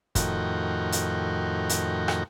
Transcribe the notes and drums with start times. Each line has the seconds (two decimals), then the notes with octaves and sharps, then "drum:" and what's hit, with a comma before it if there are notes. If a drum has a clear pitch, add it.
0.15 F2 A2 D#3 F#4 A#4 G5, drum: kick, hi-hat
0.92 drum: hi-hat
1.69 drum: hi-hat
2.08 drum: rim click